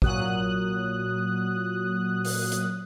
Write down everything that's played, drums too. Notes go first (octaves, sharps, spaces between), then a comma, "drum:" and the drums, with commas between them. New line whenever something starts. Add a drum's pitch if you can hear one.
A#2 F#3 D#6 F#6, drum: kick
drum: open hi-hat
drum: hi-hat